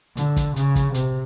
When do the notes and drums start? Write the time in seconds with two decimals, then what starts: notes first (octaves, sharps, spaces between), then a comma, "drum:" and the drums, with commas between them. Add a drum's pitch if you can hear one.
0.17 D3, drum: hi-hat
0.36 drum: kick, hi-hat
0.56 C#3, drum: hi-hat
0.75 drum: kick, hi-hat
0.94 C3, drum: hi-hat